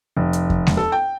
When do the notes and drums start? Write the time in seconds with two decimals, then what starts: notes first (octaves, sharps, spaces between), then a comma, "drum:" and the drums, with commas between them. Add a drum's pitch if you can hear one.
0.16 F1
0.33 drum: hi-hat
0.50 drum: kick E2
0.67 drum: snare G#3
0.77 A4
0.92 G5